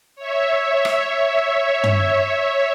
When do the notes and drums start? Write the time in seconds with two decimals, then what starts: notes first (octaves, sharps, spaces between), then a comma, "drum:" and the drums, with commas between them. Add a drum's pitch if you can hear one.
0.16 C#5 E5
0.85 drum: rim click
1.83 drum: tom